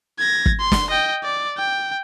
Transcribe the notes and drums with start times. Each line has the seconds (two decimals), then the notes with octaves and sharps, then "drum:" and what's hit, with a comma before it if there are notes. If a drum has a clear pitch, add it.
0.19 G#6 A#6
0.46 drum: kick
0.60 C6
0.72 drum: snare
0.90 D#5 G5
1.24 D5
1.58 G5